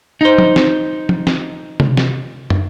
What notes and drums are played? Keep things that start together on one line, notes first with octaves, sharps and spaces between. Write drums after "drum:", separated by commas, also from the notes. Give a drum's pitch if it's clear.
D#4 C5
drum: tom F3
drum: snare
drum: tom F3
drum: snare
drum: tom C3
drum: snare
drum: tom